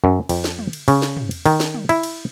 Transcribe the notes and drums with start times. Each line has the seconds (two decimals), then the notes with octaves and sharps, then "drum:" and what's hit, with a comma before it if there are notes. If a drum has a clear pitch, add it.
0.04 F#2
0.29 F2, drum: cymbal
0.44 drum: snare
0.59 drum: tom
0.73 drum: cymbal
0.88 C#3, drum: cymbal
1.02 drum: snare
1.17 drum: tom
1.31 drum: cymbal
1.46 D#3, drum: cymbal
1.60 drum: snare
1.74 drum: tom
1.89 E4, drum: cymbal
2.03 drum: cymbal